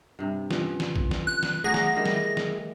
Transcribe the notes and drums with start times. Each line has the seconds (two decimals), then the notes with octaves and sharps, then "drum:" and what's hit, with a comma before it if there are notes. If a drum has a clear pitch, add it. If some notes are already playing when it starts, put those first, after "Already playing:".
0.19 G2 C3
0.51 C#4 F4 B4, drum: snare
0.80 drum: snare
0.96 drum: kick
1.11 drum: snare
1.27 F#6
1.43 drum: snare
1.64 F#3 A3 F#4 G#4 A#6
1.74 drum: snare
1.96 D#3 E3 G3
2.06 drum: snare
2.37 drum: snare